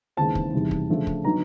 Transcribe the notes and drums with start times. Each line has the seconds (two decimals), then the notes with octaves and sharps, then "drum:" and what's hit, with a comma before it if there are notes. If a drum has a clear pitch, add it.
0.17 D#2 C#3 E3 G#3 C4 A5
0.35 drum: kick
0.53 E2 C3 D#3 G3
0.71 drum: kick
0.89 C#3 F3 A3 D4
1.07 drum: kick
1.24 D3 F#3 B3 D#4 A#5